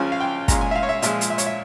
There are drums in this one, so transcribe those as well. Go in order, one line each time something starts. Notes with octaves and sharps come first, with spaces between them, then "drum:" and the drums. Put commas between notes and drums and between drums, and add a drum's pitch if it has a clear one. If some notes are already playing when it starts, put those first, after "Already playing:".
Already playing: C#2 C#3 F3 G#5
F5
G5
A#2 G#3 C#4 A#5, drum: kick, hi-hat
G#5
E5
F5
C#5
E5
A#2 F3 G#3 E5, drum: hi-hat
drum: hi-hat
E5
C#5, drum: hi-hat
E5